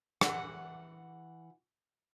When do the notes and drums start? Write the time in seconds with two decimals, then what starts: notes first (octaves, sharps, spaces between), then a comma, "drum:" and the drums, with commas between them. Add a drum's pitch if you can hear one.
0.21 E3 F#5, drum: rim click